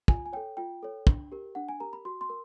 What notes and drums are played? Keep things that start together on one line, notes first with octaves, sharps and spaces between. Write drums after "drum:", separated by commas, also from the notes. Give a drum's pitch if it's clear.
F4 G#5, drum: kick
G#5
A4 C#5 G5
F4 G5
A4 C#5
D4, drum: kick
G4 A#4
D4 F#5
G#5
G4 A#4 A#5
B5
F#4 C6
C6
A#4